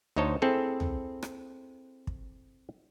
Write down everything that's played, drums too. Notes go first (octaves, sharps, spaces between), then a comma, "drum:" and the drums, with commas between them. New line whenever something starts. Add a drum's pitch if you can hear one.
D2 D#4 C5 C#5 D#5 A5
C4 E4 G#4 A4
drum: tom
drum: rim click
drum: kick